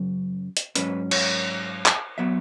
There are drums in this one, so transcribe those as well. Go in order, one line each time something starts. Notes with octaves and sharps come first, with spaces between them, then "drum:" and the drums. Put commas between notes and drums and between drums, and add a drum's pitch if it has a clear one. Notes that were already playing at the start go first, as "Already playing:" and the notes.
Already playing: F#2 C#3 F#3
drum: hi-hat
G#2 F#3 C#4 B4, drum: hi-hat
C#5, drum: cymbal
drum: clap
F#3 B3 E5